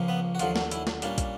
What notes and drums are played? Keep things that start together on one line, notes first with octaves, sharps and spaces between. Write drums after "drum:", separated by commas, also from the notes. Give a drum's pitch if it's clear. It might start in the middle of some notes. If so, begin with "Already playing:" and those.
Already playing: C#2 C#3 F3 A#3
B3 B4
F#4
D#2 D3 F3 F#3 F4, drum: hi-hat
drum: snare
E3 E4, drum: hi-hat
drum: snare
A#2 G3 A#3 C#4 D4, drum: hi-hat
drum: kick, hi-hat